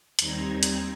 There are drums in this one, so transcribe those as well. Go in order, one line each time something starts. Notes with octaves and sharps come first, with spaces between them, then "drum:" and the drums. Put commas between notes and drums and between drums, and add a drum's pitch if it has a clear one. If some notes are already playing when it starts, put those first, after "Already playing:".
D#2 G3 C4 D#4 A#5 G#6, drum: hi-hat
drum: hi-hat